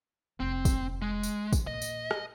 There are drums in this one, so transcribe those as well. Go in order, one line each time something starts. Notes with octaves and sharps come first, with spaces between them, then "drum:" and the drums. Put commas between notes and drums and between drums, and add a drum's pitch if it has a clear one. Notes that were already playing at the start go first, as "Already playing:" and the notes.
F1 C4
drum: kick, tambourine
G#3
drum: tambourine
drum: kick, tambourine
A#2 D#5
drum: tambourine
drum: rim click